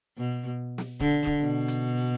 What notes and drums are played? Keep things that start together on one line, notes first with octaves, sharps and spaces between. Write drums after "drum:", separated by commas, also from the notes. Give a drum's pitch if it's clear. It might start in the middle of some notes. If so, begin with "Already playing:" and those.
B2
drum: snare
D3, drum: kick C#1
drum: kick C#1
B2
drum: hi-hat